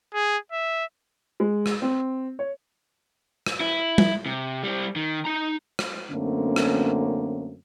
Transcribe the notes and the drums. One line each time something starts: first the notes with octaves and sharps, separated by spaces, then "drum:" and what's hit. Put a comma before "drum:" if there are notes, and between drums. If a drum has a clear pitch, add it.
G#4
E5
G#3
drum: rim click
C4
C#5
drum: rim click
E4
drum: tom G3
C3
G3 C4
D#3
D#4 A#5
drum: rim click
F#2 D3 A3 A#3 C4 C#4
drum: rim click